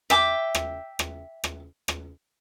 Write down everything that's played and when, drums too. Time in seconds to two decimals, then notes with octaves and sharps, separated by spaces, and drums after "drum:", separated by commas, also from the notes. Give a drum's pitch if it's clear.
0.10 E5 G5 D6, drum: rim click
0.55 drum: rim click
0.99 drum: rim click
1.44 drum: rim click
1.88 drum: rim click